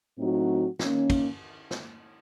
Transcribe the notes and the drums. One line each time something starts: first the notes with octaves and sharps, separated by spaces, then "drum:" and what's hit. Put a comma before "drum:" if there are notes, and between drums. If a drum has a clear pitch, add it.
A2 F#3 C4 D#4 F#4
D#3 A#3 C#4, drum: snare
drum: kick, cymbal
drum: snare